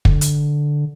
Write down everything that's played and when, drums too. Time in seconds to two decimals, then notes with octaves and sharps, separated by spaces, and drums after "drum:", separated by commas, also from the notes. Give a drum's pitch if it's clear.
0.05 D3, drum: kick
0.21 drum: hi-hat